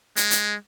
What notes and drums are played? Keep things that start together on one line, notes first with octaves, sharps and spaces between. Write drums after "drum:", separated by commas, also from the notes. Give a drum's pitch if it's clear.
G#3, drum: hi-hat
drum: hi-hat